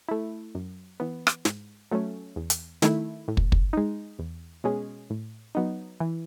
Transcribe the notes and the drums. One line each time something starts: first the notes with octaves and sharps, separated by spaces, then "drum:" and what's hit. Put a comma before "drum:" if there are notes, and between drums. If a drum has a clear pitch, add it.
A3 E4
F#2
E3 B3
drum: rim click
G#2, drum: snare
F#3 A3 C#4
E2
drum: hi-hat
D#3 A3 E4, drum: snare
A2
drum: kick
drum: kick
G#3 D#4
E2
B2 G#3 C#4 G#4
A2
F#3 B3 D#4
E3